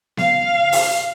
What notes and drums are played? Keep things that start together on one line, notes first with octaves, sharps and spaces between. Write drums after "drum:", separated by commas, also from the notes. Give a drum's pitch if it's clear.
F5, drum: snare B3
drum: open hi-hat